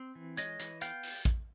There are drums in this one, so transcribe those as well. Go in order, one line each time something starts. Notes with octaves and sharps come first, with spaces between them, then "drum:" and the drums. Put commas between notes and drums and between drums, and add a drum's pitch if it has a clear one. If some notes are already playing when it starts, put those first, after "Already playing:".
Already playing: C4
E3
G#3 C#5 D#5, drum: hi-hat
E3, drum: hi-hat
B3 F5 G5, drum: hi-hat
drum: open hi-hat
drum: kick, hi-hat